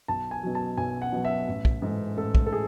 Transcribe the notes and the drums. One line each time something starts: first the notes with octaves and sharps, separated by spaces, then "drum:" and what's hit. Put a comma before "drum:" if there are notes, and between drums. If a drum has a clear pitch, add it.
B1 A5
G#5
B2 F#3
A5
B1 G#5
F#5
B2 F#3
E5
A1
drum: kick
G#2 E3 A3
A1 A4
drum: kick
A4
E3 G#4